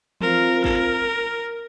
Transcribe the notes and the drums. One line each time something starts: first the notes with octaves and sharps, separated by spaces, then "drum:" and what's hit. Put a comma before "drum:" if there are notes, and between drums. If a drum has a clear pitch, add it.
C4 F4 A#4 C5 F5, drum: tom E3
A#4, drum: kick